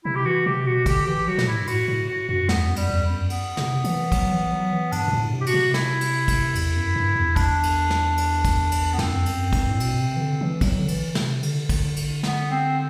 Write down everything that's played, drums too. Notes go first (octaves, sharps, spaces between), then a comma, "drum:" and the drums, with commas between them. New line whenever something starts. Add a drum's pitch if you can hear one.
C3 E4
G4
E3 F#4
C3 G4
B2 F#4
D3 G4, drum: kick, cymbal
E3 G4
F#3 F#4
B2, drum: snare
A2 E4
G2
A2 F#4, drum: cymbal
A2 F#4
F#4
F#2 F#4
E2 B3, drum: snare
F#2
G3, drum: cymbal
E2
F#2
B3, drum: cymbal
C3, drum: snare
E3, drum: cymbal
F#3, drum: kick, cymbal
E3
F#3
E3
G2 D4, drum: cymbal
G2
A2
C3
G4
F#4, drum: cymbal
C3
E4, drum: snare
drum: cymbal
drum: kick, cymbal
E2, drum: cymbal
F#2
G2
E2
D4, drum: kick, cymbal
drum: cymbal
drum: snare
drum: cymbal
drum: kick, cymbal
drum: cymbal
B3
F#2 C4, drum: snare
E2
F#2, drum: cymbal
G2, drum: kick, cymbal
A2
B2, drum: cymbal
C3
E3
D3
E3
F#3, drum: kick, cymbal
D3
E3, drum: cymbal
C3, drum: snare
D3, drum: cymbal
drum: kick, cymbal
drum: cymbal
B3, drum: snare
C4